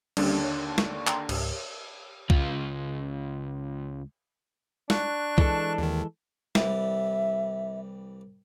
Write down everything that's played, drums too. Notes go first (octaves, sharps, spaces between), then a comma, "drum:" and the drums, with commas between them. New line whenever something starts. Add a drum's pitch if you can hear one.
D#2 D3 G3 C#4 D4 G4, drum: cymbal
C#5
C#6, drum: snare
G5 A#5 C6, drum: clap
C#2 G#2, drum: cymbal
C#2 F4, drum: kick C2
D4 C#6 F#6, drum: snare
E3 G#3 A4, drum: kick C2
D#2 D#3
C2 E3 G3 E5, drum: snare